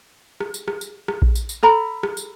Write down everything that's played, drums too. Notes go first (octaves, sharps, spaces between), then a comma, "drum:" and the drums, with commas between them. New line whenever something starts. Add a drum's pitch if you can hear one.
drum: rim click
drum: tambourine
drum: rim click
drum: tambourine
drum: rim click
drum: kick A#1
drum: tambourine
drum: tambourine
A4 A#5 B5
drum: rim click
drum: tambourine